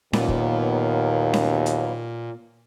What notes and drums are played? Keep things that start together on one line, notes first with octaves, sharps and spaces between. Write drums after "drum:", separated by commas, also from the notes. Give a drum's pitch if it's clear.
D#2 A#2 F#3 A#3 B3, drum: snare C#4
drum: kick
drum: snare C#4
drum: hi-hat